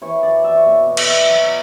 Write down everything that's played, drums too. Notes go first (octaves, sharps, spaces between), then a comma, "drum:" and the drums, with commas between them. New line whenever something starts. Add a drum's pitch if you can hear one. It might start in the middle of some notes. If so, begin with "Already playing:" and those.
E3 C#5
F#2 D5
E3 E5
C#5
B2 D5
B2
E5, drum: cymbal
B2
F#3 D5